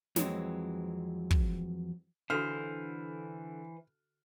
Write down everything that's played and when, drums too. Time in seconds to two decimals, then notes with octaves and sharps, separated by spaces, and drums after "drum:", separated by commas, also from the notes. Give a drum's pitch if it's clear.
0.16 F2 E3 F#3 G#3 C4, drum: snare
1.31 drum: kick
2.30 D3 E3 F#4 A4 C5 F5 F6